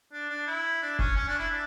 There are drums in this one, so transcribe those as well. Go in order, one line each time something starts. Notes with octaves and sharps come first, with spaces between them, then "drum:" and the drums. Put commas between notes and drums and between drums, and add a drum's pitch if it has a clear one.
D4
D4
E4
D4
C#4, drum: kick F1
C#4
D4
E4
D4